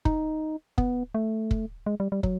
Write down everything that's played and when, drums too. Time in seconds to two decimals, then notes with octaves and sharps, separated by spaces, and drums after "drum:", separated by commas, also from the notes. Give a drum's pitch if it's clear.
0.05 D#4, drum: kick
0.78 B3, drum: kick
1.15 A3
1.51 drum: kick
1.86 G#3
2.00 G3
2.12 G3
2.23 F#3, drum: kick